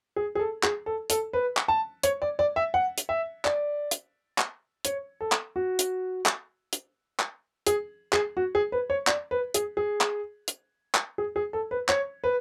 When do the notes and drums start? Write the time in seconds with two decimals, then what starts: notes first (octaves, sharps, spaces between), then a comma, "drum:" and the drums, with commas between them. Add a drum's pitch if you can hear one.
0.16 G#4
0.35 G#4
0.39 A4
0.63 G#4, drum: clap
0.86 A4
1.10 A4, drum: hi-hat
1.33 B4
1.57 drum: clap
1.68 A5
2.03 C#5, drum: hi-hat
2.22 D5
2.39 D5
2.56 E5
2.74 F#5
2.98 drum: hi-hat
3.09 E5
3.45 D5, drum: clap
3.91 drum: hi-hat
4.38 drum: clap
4.85 C#5, drum: hi-hat
5.21 A4
5.32 drum: clap
5.56 F#4
5.79 drum: hi-hat
6.26 drum: clap
6.73 drum: hi-hat
7.20 drum: clap
7.67 G#4, drum: hi-hat
8.13 G#4, drum: clap
8.37 F#4
8.55 G#4
8.72 B4
8.90 C#5
9.07 D5, drum: clap
9.31 B4
9.54 G#4, drum: hi-hat
9.77 G#4
10.01 drum: clap
10.48 drum: hi-hat
10.95 drum: clap
11.18 G#4
11.36 G#4
11.53 A4
11.71 B4
11.89 C#5, drum: clap
12.24 B4